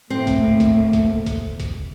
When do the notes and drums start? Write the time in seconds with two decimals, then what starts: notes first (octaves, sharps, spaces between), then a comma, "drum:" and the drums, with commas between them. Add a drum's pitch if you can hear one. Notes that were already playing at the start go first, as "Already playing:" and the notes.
0.10 A2 A3 A#3 C4
0.27 drum: kick, hi-hat
0.60 drum: kick, hi-hat
0.93 drum: kick, hi-hat
1.26 drum: kick, hi-hat
1.60 drum: kick, hi-hat